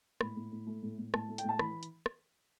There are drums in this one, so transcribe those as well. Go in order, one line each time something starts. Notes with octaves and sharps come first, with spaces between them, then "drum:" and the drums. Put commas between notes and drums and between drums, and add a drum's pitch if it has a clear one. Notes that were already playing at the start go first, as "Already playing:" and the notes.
A2 B5, drum: rim click
A2
A2
A3
A2
A2
A2 A5, drum: rim click
A3
G5, drum: hi-hat
A2 A5
E3 B5, drum: rim click
drum: hi-hat
drum: rim click